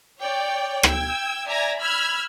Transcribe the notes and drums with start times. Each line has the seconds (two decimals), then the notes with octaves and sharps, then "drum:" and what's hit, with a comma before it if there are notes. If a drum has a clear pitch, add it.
0.19 C#5 D5 G5
0.83 G5 E6 G#6, drum: rim click
1.46 D5 E5 G#5 A#5 G#6 A#6
1.80 B5 E6 F6 G#6